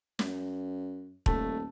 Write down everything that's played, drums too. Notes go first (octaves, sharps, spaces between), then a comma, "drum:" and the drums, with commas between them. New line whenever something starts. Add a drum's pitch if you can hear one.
F#2, drum: snare
D#1 A3, drum: kick